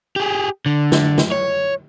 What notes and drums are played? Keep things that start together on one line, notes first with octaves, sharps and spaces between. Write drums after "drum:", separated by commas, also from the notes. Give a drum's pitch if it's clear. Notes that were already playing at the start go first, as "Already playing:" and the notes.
G4 G#4
D3
drum: snare
drum: snare
C#5